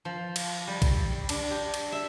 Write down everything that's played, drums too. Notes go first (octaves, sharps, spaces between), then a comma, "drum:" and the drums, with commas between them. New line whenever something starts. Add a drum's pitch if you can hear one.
F3
drum: cymbal
G3
drum: kick A#1, cymbal
D4, drum: cymbal
G4
drum: cymbal
E5